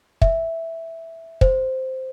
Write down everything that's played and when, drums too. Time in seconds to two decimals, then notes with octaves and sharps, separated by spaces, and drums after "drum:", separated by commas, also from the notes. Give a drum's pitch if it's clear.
0.22 E5, drum: kick
1.41 C5, drum: kick